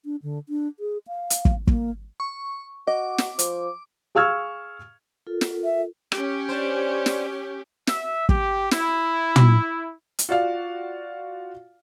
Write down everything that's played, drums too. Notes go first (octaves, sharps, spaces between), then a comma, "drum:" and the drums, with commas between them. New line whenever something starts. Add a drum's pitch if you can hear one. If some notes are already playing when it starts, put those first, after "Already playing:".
D4
D3
D4
G#4
F5
drum: hi-hat
drum: kick
A#3, drum: kick
C#6
F#4 D#5 D6
drum: snare
F3, drum: hi-hat
G#4 F5 C#6 E6 F6 G#6
F4 A4 A#4
drum: snare
E5
C#4 G4, drum: rim click
D4 C5
drum: snare
E5, drum: snare
G4, drum: kick
E4, drum: snare
drum: tom
drum: hi-hat
F4 F#4 D5 F5